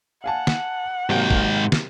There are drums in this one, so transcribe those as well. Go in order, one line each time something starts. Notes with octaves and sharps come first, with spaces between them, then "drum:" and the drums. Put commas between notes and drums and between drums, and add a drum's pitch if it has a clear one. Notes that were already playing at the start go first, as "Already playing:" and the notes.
F5 F#5 G#5 A5
drum: snare
G#2 C3 F#3 A#3 G5
drum: kick
drum: snare